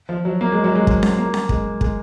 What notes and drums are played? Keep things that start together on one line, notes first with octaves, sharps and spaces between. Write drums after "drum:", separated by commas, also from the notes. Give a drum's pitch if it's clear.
F3
F#3
A#3
G#3
F#3
G#3
drum: kick
drum: snare C#4
A#3
drum: snare C#4
G#3, drum: kick
G#3, drum: kick